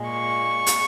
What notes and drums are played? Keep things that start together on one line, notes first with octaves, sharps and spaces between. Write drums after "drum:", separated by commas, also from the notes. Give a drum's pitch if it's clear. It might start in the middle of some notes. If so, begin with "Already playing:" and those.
Already playing: A#2 G#3
C#6
drum: hi-hat